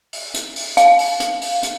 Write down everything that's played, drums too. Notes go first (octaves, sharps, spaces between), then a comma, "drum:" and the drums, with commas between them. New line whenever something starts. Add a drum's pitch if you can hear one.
drum: open hi-hat
drum: hi-hat
drum: open hi-hat
F5, drum: hi-hat
drum: open hi-hat
drum: hi-hat
drum: open hi-hat
drum: hi-hat